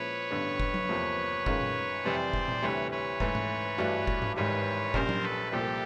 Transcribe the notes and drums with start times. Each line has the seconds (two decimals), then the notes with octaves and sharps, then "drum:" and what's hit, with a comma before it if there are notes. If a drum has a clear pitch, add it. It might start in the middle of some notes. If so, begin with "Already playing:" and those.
Already playing: A#2 F3 G#3 C#4 E4 B4 C#5
0.31 A1 G2 D3 G3 B3
0.60 drum: kick F1
0.74 drum: tom F#3
0.89 E2 C3 F3 A#3
1.46 F#2 D#3 G#3 C#4 F4, drum: kick F1
1.61 drum: tom A#2
2.04 F2 C3 E3 G3 C5 D5
2.33 drum: kick F1
2.48 drum: tom A#2
2.62 D2 C3 E3 G3 B4 C#5
2.91 B4 C#5
3.20 G#2 E3 A3, drum: kick F1
3.35 drum: tom G#2
3.78 G2 E3 A3 D4 F#4
4.07 drum: kick F1
4.22 drum: tom G#2
4.36 G#1 G#2 E3 G3 B4 C#5
4.94 A#1 A#2 G3 A#3 C#4 A#4 C5, drum: kick F1
5.09 drum: tom F#3
5.23 A4 B4
5.52 C2 A#2 F3 A#3 G4 A4